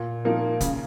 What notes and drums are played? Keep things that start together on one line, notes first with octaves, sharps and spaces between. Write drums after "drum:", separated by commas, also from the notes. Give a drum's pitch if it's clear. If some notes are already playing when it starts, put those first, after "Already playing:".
Already playing: A#2
F3 A#3 D#4 A#4
C#3, drum: kick, hi-hat